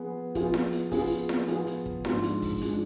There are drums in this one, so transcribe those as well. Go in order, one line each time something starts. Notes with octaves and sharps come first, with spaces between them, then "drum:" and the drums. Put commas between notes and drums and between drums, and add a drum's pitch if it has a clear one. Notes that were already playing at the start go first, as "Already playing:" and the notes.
Already playing: F3 B3 F4 G#4
F3 B3 F4 G#4, drum: kick, hi-hat
drum: snare E4
drum: hi-hat
F3 B3 F4 G#4, drum: kick, open hi-hat
drum: hi-hat
drum: snare E4
F3 B3 F4 G#4, drum: hi-hat
drum: hi-hat
drum: kick
G#2 F3 G#3 D4, drum: snare E4
drum: hi-hat
drum: kick, open hi-hat
F3 G#3 D4, drum: hi-hat